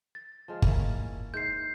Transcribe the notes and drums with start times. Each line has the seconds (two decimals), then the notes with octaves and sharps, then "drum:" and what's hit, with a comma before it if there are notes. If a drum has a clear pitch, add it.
0.15 A6
0.48 F3 G#3 F4
0.62 A#3 C#4 E4, drum: kick G1
1.34 G#2 E5 G6 C7